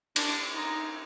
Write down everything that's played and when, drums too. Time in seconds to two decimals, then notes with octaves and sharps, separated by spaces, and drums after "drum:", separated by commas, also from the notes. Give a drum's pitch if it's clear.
0.16 D4, drum: cymbal
0.54 D#4